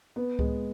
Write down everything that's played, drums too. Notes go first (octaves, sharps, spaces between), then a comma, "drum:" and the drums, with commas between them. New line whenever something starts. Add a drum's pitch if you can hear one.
B3
G#3, drum: kick C#2